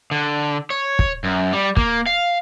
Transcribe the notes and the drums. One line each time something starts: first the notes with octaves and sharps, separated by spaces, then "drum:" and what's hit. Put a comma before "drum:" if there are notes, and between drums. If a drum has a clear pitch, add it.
D3
C#5
drum: kick
F#2
G3
A#3, drum: kick
F5